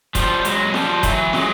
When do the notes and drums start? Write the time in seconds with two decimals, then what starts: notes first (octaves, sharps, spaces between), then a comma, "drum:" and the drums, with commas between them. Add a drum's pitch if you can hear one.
0.15 F3 G3, drum: kick D#1, hi-hat
0.45 F#3 G#3, drum: hi-hat
0.74 F3 G3, drum: snare
1.03 E3 F#3, drum: kick D#1, hi-hat
1.33 F#3 G#3, drum: snare